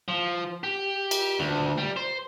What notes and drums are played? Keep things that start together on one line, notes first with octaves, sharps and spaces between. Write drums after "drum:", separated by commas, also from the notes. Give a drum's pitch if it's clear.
F3
G4
drum: cymbal
D2
G3
C5